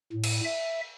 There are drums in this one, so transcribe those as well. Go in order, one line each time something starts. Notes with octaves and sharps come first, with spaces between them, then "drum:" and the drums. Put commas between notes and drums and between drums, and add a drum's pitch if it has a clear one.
A2
drum: cymbal
E5